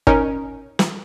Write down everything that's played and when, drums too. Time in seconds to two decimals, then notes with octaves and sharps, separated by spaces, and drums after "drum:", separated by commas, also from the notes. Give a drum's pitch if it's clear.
0.07 C#4 D#4 A#4, drum: kick
0.79 drum: snare